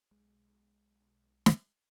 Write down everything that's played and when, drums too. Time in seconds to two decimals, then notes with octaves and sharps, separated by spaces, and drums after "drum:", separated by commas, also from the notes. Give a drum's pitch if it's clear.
0.11 B1 G#3
1.46 drum: snare